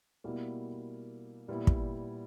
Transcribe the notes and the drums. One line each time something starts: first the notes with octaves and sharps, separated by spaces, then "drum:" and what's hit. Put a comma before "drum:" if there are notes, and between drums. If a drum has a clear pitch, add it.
B2 G3 A#3 E4
A#2 G3 B3 E4
drum: kick